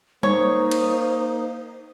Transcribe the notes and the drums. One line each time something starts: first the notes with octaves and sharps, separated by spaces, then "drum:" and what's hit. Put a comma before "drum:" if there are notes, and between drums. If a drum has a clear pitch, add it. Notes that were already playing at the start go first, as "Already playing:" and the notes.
A#3 D#4 C5 C#5, drum: tom
drum: cymbal